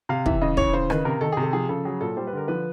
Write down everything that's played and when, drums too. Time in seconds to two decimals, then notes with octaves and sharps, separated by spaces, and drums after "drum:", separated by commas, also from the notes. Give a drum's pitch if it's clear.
0.09 C3 F5
0.26 E3 E5, drum: kick
0.41 C#3 D#5
0.57 E3 C#5, drum: kick
0.73 C#3 C5
0.90 D#3 B4, drum: rim click
1.05 C3 A#4
1.21 D#3 A4
1.32 G#4
1.37 C3
1.43 A4
1.53 F3 G#4
1.69 C#3 A4
1.85 F#3 G#4
2.01 A#2 A4
2.17 G3 C5
2.27 B4
2.33 D3 A#4
2.48 F3 B4